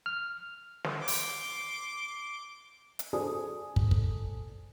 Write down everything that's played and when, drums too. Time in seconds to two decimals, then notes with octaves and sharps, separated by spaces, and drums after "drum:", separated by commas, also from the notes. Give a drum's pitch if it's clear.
0.06 F6
0.84 drum: snare
0.98 C6 D6
1.08 drum: open hi-hat
2.99 drum: hi-hat
3.13 G#4 A4 C5 D5 G#5 D#6
3.76 drum: kick
3.91 drum: kick